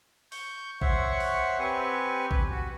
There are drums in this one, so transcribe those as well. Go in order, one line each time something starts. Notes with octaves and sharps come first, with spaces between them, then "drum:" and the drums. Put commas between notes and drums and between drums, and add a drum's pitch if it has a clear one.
C#6 G6, drum: open hi-hat
C5 C#5 E5 F#5 C#6, drum: kick A#1
drum: open hi-hat
C4 G4 B4 G#5 C#6
B4, drum: kick A#1
F#4